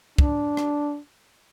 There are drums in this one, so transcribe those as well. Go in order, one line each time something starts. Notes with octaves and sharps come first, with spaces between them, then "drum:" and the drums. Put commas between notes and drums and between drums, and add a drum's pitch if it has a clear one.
D4, drum: kick
drum: rim click